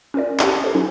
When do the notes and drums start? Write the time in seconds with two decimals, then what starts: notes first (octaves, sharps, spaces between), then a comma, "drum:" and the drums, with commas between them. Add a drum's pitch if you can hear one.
0.14 C#4 F4 A#4 D5
0.39 G4 A5, drum: clap
0.62 G4 A4 C5
0.75 F#3 C#4 D#4